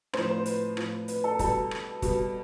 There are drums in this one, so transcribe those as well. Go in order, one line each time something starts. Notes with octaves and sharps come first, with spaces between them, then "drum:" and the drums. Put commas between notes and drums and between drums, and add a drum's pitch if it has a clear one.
A2 F3 C5, drum: rim click
C5
B4, drum: hi-hat
A2 F3, drum: rim click
B4, drum: hi-hat
A4
B2 G3 A4, drum: kick, hi-hat
drum: rim click
B2 G3, drum: kick, hi-hat